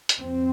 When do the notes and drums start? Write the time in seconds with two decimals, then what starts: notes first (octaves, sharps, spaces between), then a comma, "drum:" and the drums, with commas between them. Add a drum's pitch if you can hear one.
0.09 drum: hi-hat
0.19 F2 C4